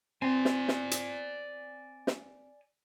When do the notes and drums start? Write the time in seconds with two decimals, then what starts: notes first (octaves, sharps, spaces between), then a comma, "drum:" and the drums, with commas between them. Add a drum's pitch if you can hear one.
0.22 C4 D5 G#5
0.45 drum: snare
0.68 drum: snare
0.91 drum: hi-hat
2.07 drum: snare